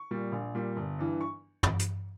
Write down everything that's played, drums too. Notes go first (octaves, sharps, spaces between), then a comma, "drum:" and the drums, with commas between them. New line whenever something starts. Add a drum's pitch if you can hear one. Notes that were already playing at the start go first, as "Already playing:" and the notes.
Already playing: C#6
A#2 G3
A#1
A#2 G3
G1
G2 E3
C#6
drum: tom
drum: hi-hat